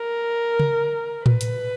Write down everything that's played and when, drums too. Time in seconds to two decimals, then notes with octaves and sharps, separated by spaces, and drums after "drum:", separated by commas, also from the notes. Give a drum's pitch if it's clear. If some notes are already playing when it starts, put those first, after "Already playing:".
Already playing: A#4
0.60 drum: tom C#3
1.26 B4, drum: tom A2
1.41 drum: hi-hat